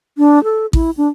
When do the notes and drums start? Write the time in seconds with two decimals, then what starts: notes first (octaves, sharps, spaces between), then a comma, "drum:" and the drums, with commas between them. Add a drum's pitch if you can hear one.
0.18 D4
0.44 A4
0.73 E4, drum: kick A1
0.97 D4